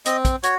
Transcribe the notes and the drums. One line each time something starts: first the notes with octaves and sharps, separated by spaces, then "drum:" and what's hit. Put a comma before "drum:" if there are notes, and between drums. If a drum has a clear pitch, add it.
C4 D#5, drum: hi-hat
drum: kick, hi-hat
F#4 C#5, drum: hi-hat